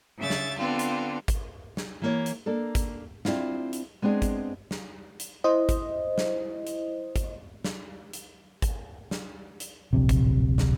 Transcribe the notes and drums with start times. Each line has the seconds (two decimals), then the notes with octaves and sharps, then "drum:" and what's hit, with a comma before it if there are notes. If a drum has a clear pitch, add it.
0.18 C#3 E5 A6
0.30 drum: snare
0.58 D3 B3 C4 F4
0.79 drum: hi-hat
1.28 drum: kick G#1, hi-hat
1.77 drum: snare
2.02 E3 A#3 C#5
2.26 drum: hi-hat
2.46 A#3 D4 A4
2.75 drum: kick G#1, hi-hat
3.25 C4 D4 E4 F4, drum: snare
3.73 drum: hi-hat
4.02 G#3 B3 C4 D4 G#4
4.22 drum: kick G#1, hi-hat
4.71 drum: snare
5.20 drum: hi-hat
5.44 E4 C5 D#5
5.69 drum: kick G#1, hi-hat
6.18 drum: snare
6.67 drum: hi-hat
7.16 drum: kick G#1, hi-hat
7.64 drum: snare
8.13 drum: hi-hat
8.62 drum: kick G#1, hi-hat
9.11 drum: snare
9.60 drum: hi-hat
9.93 D1 A#1 C3
10.09 drum: kick G#1, hi-hat
10.58 drum: snare